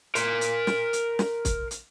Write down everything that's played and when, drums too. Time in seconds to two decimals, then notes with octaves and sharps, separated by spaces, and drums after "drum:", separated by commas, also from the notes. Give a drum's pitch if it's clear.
0.15 A#4 C6, drum: hi-hat
0.41 drum: hi-hat
0.67 drum: snare
0.93 drum: hi-hat
1.19 drum: snare
1.45 drum: kick, hi-hat
1.71 drum: hi-hat